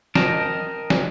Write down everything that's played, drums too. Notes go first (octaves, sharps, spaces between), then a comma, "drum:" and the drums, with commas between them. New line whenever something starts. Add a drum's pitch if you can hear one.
A#4 D#5 G5 A5 A#5, drum: snare
drum: snare